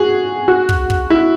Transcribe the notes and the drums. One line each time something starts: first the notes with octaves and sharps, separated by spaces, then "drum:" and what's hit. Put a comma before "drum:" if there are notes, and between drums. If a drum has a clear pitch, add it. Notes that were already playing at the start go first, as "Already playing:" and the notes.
Already playing: F#4 G#4
F#4
drum: kick
drum: kick
E4